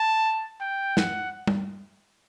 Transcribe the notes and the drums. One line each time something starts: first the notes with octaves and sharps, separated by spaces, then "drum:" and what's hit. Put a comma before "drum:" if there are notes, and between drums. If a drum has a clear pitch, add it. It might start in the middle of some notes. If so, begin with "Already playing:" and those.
Already playing: A5
G5
F#5, drum: snare
drum: tom